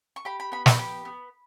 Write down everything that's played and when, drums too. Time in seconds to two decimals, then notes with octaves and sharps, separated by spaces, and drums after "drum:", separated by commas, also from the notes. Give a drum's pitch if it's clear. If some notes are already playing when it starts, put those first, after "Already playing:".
0.16 C#6
0.25 G4 B5
0.40 B5
0.52 B3 B5
0.66 B5, drum: snare
0.79 G4 B5
1.05 B3